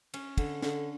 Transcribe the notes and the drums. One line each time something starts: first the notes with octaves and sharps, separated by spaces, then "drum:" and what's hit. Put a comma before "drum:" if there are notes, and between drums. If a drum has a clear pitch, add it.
C#4, drum: cymbal
D3, drum: kick, cymbal
D3, drum: snare